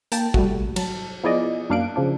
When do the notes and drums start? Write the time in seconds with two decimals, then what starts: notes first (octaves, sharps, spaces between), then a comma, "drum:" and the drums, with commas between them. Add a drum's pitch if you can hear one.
0.12 A#3 G5 A5, drum: hi-hat
0.34 G3 A3 F#4, drum: kick
0.76 F#3 A5, drum: cymbal
1.24 F3 B3 E4 G#4 D5 D#5
1.70 F#2 A#3 D4 F5 F#6 D7
1.96 C#3 F3 D4